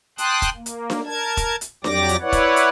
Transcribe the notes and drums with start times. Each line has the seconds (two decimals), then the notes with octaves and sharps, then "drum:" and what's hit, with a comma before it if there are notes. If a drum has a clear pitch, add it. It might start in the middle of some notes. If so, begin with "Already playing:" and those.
0.18 G5 A5 C6 D#6 F#6, drum: hi-hat
0.42 drum: kick E1, hi-hat
0.55 A#3
0.66 drum: hi-hat
0.90 drum: snare D4
1.06 A#4 A5 G#6
1.37 drum: kick E1, hi-hat
1.61 drum: hi-hat
1.84 F2 F#3 G4 D5 D6 A#6, drum: snare D4
2.09 drum: hi-hat
2.21 E4 B4 C#5 D5 F#5
2.33 drum: kick E1, hi-hat
2.56 drum: hi-hat